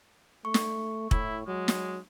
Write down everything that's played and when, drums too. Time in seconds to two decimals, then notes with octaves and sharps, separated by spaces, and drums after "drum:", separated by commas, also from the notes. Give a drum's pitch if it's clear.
0.45 A3 C#6
0.54 drum: snare
1.11 A2 E4, drum: kick
1.47 F#3 G#3
1.68 drum: snare